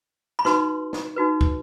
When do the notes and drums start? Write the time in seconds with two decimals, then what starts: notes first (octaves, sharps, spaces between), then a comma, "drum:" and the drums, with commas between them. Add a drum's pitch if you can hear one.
0.39 B5
0.45 D#4 F#4 B4 C6, drum: snare
0.93 drum: snare
1.16 D#4 F#4 B4
1.41 drum: kick